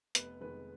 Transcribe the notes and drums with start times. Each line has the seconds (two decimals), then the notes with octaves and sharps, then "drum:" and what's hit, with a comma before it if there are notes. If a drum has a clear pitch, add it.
0.15 F1 B3 B4, drum: hi-hat
0.41 F2 D#3 G#3 B3 B4